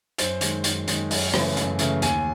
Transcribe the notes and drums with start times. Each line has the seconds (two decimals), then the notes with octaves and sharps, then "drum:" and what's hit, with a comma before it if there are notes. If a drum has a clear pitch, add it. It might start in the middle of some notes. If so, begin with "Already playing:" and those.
0.18 F#2 C5, drum: hi-hat
0.41 D#3 G#3, drum: hi-hat
0.64 F#2, drum: hi-hat
0.88 D#3 G#3, drum: hi-hat
1.11 F#2, drum: open hi-hat
1.34 C#3 E3 A3, drum: rim click
1.57 F#2, drum: hi-hat
1.79 C#3 E3 A3, drum: hi-hat
2.02 D#2 G#5, drum: hi-hat